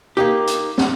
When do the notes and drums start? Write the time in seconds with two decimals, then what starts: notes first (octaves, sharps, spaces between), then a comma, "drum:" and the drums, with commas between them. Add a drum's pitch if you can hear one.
0.17 A#3 D#4 G4
0.47 drum: hi-hat
0.78 drum: snare